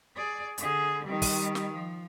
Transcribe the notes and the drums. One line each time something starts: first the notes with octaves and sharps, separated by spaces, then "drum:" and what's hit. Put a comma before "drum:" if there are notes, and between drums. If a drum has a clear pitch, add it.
G#4 D5
D3 G#4, drum: hi-hat
D#3 G3
drum: kick, open hi-hat
drum: snare
F3